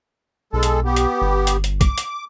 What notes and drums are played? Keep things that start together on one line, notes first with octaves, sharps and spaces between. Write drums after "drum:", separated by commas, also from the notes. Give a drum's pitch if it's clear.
B1 G#3 A4
drum: hi-hat
B3 G4
drum: hi-hat
G1
drum: hi-hat
drum: hi-hat
D6, drum: kick, hi-hat
drum: hi-hat